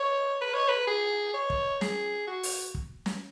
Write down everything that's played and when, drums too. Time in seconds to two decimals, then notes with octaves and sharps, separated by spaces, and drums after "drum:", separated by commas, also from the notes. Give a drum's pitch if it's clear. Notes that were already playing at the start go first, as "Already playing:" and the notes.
Already playing: C#5
0.41 B4
0.53 C#5
0.68 B4
0.87 G#4
1.34 C#5
1.50 drum: kick
1.81 G#4, drum: snare
2.27 F#4
2.43 drum: open hi-hat
2.75 drum: kick
3.06 drum: snare